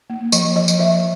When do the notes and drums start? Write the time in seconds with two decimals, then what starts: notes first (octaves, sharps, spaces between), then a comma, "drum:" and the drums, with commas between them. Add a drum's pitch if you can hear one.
0.10 A#3
0.32 F3 D#5, drum: tambourine
0.56 F3 D#5
0.68 drum: tambourine
0.79 F3 E5